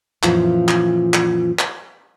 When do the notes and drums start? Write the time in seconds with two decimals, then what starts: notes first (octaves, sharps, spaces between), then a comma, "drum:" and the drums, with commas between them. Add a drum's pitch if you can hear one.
0.23 F#2 A#2 E3 F3 F4, drum: clap
0.68 drum: clap
1.14 drum: clap
1.59 drum: clap